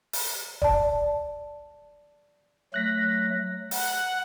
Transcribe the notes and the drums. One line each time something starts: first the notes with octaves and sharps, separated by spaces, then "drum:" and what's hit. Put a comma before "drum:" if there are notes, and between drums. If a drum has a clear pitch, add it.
drum: open hi-hat
D5 A5, drum: kick
F#3 A3 F#6 A#6 B6
F#5, drum: open hi-hat